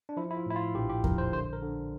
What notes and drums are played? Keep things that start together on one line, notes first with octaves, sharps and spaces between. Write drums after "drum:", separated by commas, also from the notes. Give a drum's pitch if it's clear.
D4
F3 E4
E4
F4
A2 E4
F4
A#1 G4
G4
A#1 A#4, drum: kick E2
C5
D3 C5
A#4
D3